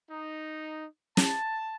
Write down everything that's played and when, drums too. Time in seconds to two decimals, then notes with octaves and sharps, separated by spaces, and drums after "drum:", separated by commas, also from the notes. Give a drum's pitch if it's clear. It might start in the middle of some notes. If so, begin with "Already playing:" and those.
0.10 D#4
1.17 A5, drum: snare